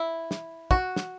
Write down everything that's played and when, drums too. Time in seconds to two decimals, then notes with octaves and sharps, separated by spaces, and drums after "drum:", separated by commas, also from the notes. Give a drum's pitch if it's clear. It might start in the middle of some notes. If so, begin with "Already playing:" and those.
Already playing: E4
0.31 drum: snare
0.71 F#4, drum: kick
0.96 drum: snare